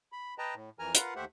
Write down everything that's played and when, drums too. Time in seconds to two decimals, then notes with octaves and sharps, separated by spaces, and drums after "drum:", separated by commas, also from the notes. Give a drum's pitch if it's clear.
0.12 B5
0.38 B4 D#5 G5 A5 A#5
0.55 A2
0.79 F2 E3 A#4 G#5 A#5 F6
0.95 F4 A#4 B4 F5 F#5, drum: hi-hat
1.16 D#2 A3 G4 C5 E5 F#5